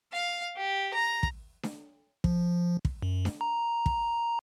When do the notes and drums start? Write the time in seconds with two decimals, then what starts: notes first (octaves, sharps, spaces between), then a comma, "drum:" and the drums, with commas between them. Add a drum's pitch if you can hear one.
0.12 F5
0.56 G4
0.94 A#5
1.23 drum: kick
1.63 drum: snare D4
2.24 F3, drum: kick
2.85 drum: kick
3.02 F#2
3.25 drum: snare D4
3.41 A#5
3.86 drum: kick